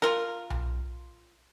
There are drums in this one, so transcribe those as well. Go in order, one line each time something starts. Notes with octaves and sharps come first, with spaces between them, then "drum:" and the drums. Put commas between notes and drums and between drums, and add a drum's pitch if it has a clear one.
F4 A#4, drum: rim click
drum: tom B1